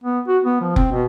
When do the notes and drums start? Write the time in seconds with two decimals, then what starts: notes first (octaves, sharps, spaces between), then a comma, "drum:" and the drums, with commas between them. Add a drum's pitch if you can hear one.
0.04 B3
0.28 F#4
0.45 B3
0.61 F3
0.76 C4, drum: kick F1
0.92 B2